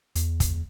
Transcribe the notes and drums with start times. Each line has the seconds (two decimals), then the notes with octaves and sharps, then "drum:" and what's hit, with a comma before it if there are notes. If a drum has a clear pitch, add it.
0.15 E2, drum: hi-hat
0.40 drum: kick, hi-hat